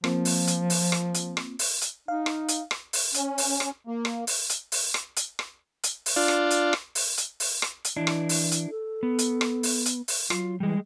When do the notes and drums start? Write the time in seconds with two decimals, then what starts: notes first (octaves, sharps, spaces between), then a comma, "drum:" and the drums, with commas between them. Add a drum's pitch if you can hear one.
0.04 F3 A#3 C4 F4, drum: rim click
0.25 drum: open hi-hat
0.47 drum: hi-hat
0.70 drum: open hi-hat
0.92 drum: rim click
1.14 drum: hi-hat
1.37 drum: rim click
1.59 drum: open hi-hat
1.81 drum: hi-hat
2.08 D#4 F5
2.26 drum: rim click
2.48 drum: hi-hat
2.71 drum: rim click
2.93 drum: open hi-hat
3.14 C#4, drum: hi-hat
3.38 drum: open hi-hat
3.60 drum: rim click
3.87 A#3
4.05 drum: rim click
4.27 drum: open hi-hat
4.49 drum: hi-hat
4.72 drum: open hi-hat
4.94 drum: rim click
5.16 drum: hi-hat
5.39 drum: rim click
5.83 drum: hi-hat
6.06 drum: open hi-hat
6.16 D4 F4
6.28 drum: rim click
6.50 drum: hi-hat
6.73 drum: rim click
6.95 drum: open hi-hat
7.17 drum: hi-hat
7.40 drum: open hi-hat
7.62 drum: rim click
7.85 drum: hi-hat
7.96 E3 D4 E4
8.07 drum: rim click
8.29 drum: open hi-hat
8.52 drum: hi-hat
8.70 A4
9.03 B3
9.19 drum: hi-hat
9.41 drum: rim click
9.63 drum: open hi-hat
9.86 drum: hi-hat
10.08 drum: open hi-hat
10.30 F#3 F4, drum: rim click
10.60 E3 G3 G#3